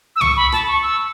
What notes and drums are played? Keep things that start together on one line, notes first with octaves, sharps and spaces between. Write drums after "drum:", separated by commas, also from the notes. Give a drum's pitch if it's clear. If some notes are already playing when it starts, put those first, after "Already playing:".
E6
C#6, drum: tom
B5
A5, drum: rim click
C#6
E6